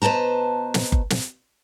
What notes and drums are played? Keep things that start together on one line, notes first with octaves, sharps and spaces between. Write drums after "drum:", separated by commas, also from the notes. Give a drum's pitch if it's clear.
B2 B4 C5 A5 A#5
drum: snare
drum: kick F#1
drum: snare